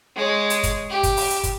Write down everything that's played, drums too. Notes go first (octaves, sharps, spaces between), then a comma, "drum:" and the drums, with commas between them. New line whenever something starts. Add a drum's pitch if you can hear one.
G#3 C#5
drum: hi-hat
drum: kick, hi-hat
G4
drum: kick, hi-hat
drum: open hi-hat
drum: hi-hat
drum: kick, hi-hat